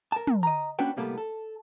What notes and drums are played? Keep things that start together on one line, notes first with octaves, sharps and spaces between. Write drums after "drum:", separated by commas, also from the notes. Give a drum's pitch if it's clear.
A#4 A5
drum: tom
D#5 A#5
A#3 C#4 D4 F#4 B4 G5
C2 A2 G3 A#3 B3 A4
A4